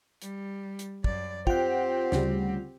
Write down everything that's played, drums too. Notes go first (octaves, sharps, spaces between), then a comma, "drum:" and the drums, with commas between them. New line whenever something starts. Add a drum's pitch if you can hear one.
G3, drum: hi-hat
drum: hi-hat
F#2 D5, drum: kick
C4 F4 G4 C5 F#5 G5, drum: kick
D2 C#3 G3, drum: snare